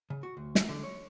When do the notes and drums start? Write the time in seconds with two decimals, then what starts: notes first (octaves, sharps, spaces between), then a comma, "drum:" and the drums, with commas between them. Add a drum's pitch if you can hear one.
0.10 C#3
0.23 F#4
0.37 D2
0.55 drum: snare
0.69 D3
0.83 C#5